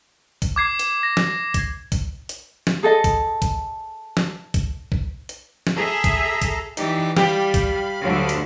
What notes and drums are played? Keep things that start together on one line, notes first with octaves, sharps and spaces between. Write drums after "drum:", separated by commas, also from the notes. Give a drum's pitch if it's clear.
drum: kick, hi-hat
D6 G#6 C7
drum: hi-hat
A#6
drum: snare
drum: kick, hi-hat
drum: kick, hi-hat
drum: hi-hat
drum: snare
G#4 A4 D#5
drum: kick, hi-hat
drum: kick, hi-hat
drum: snare
drum: kick, hi-hat
drum: kick
drum: hi-hat
drum: snare
G#4 A4 E5 A#5
drum: kick, hi-hat
drum: kick, hi-hat
E3 D#4 G4 D5, drum: hi-hat
G3 G4 F5 B5, drum: snare
drum: kick, hi-hat
D2 D3 F#3
drum: hi-hat